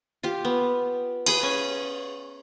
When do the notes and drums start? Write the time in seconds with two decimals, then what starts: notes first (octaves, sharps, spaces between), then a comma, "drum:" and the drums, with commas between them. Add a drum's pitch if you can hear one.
0.23 F4 G4
0.45 B3
1.26 G#4 B4, drum: cymbal
1.43 C#4 G#5